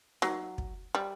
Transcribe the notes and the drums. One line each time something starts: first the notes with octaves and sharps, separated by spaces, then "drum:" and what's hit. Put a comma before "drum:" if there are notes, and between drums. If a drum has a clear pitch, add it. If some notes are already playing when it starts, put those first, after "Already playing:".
F#3, drum: snare D#4
drum: kick
G3